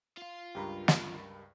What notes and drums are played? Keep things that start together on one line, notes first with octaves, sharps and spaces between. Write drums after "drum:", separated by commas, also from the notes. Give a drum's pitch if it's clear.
F4 F5
C#2 G2 G4 A#4 B5
drum: snare